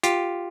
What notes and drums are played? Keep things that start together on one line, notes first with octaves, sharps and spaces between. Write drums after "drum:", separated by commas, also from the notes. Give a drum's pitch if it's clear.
F4 G4, drum: hi-hat